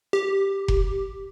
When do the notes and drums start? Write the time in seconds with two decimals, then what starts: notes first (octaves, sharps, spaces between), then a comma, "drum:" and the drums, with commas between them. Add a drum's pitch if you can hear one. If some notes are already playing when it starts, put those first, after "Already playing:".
0.13 G4
0.68 drum: kick F1